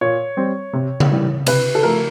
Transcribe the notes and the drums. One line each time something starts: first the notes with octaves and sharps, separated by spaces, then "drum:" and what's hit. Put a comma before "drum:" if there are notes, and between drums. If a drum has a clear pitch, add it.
A#2 C#5
G3 C4
C3
drum: tom C#3
E3 G3
C3 B4, drum: cymbal
A4
F3 A3 A#4